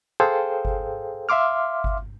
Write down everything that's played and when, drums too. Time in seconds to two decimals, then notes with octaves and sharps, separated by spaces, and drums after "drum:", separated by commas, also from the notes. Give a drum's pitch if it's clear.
0.20 G#4 A4 C5 F5 G5
0.65 drum: kick G1
1.29 E5 F5 C6 D6 F6
1.84 drum: kick G1